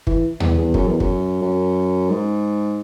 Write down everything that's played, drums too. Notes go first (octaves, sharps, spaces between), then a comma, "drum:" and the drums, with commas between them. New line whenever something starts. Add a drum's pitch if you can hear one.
E3, drum: kick
E2, drum: tom D#2
E2
F#2, drum: kick
E2
F#2, drum: kick
F#2
G#2